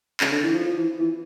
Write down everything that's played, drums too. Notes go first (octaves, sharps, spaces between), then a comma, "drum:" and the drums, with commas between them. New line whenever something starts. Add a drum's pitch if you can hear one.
C#3, drum: clap
D3
E3
F3
F3
E3
E3